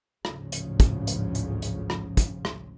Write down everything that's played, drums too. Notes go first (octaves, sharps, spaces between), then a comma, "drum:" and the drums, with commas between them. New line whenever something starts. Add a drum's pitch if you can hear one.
A1 D2 G#2 C#3 F3, drum: rim click
drum: hi-hat
drum: kick, hi-hat
drum: hi-hat
drum: hi-hat
drum: hi-hat
drum: rim click
drum: kick, hi-hat
drum: rim click